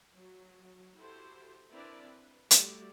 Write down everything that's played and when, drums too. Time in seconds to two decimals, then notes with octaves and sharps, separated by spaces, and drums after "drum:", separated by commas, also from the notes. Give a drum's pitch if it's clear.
0.15 F#3
0.97 E4 F#4 G4 A4 C5
1.70 C4 D4 E4 A#4 B4 D5
2.07 B4
2.51 G3 A3 E4 F#4 G4 D5, drum: hi-hat